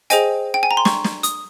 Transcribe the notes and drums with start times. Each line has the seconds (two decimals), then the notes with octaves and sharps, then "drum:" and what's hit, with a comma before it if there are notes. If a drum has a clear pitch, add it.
0.10 G#4 C5 D#5 G5 G#5, drum: hi-hat
0.54 G5
0.63 G#5
0.71 A#5
0.77 C6
0.85 C#6, drum: snare
1.04 drum: snare
1.23 D#6, drum: hi-hat